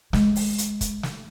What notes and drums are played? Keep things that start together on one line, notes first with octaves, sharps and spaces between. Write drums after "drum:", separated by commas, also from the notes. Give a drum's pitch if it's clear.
G#3, drum: snare
drum: open hi-hat
drum: hi-hat
drum: kick, hi-hat
drum: snare